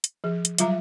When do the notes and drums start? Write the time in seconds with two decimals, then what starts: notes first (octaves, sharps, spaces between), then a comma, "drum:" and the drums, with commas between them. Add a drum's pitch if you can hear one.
0.04 drum: hi-hat
0.24 F3 G#4
0.45 drum: hi-hat
0.58 F#3 G3 F4 E5 A#5, drum: hi-hat